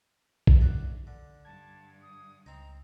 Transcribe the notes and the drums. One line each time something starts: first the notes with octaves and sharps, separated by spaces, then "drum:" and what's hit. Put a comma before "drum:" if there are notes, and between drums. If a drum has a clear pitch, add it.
drum: kick A#1
E4 F#4 D5
D3
G2 A5 G#6
D#6
C#2 C4 D#4 A#5